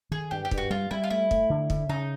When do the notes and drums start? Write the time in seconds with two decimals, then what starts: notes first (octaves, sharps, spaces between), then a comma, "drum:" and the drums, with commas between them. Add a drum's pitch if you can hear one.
0.11 D#3 G#4
0.31 G2 G4
0.45 G4
0.51 G2, drum: kick
0.58 F#4
0.70 G3 F4
0.91 G3 E4
1.04 F4
1.10 A3 E4
1.31 A3, drum: kick
1.50 D3
1.70 D3, drum: kick
1.89 C#3 D#4